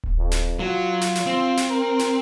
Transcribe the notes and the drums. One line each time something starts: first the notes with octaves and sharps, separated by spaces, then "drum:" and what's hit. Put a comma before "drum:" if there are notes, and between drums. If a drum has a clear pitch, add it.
drum: kick D1
F2
drum: snare
F#3 F4 F#4
drum: snare
drum: snare
C4
drum: snare
A#4
drum: snare